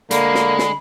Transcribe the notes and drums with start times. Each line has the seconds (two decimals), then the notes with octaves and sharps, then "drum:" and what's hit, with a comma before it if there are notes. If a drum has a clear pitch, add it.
0.11 D3 G#3 A#3 B5, drum: hi-hat
0.35 drum: snare
0.59 drum: snare